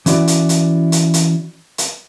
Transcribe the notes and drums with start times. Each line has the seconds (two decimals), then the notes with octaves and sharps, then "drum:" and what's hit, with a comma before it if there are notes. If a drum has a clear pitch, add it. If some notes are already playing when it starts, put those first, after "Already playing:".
0.06 E3 C#4 E4 F#4 D5, drum: hi-hat
0.28 drum: hi-hat
0.49 drum: hi-hat
0.92 drum: hi-hat
1.14 drum: hi-hat
1.78 drum: hi-hat